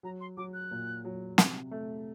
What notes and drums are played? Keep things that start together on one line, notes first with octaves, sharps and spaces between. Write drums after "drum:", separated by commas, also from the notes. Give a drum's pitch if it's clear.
F#3 A#5
C6
F#3 D6
F#6
A#2
F#3
C3, drum: snare
A3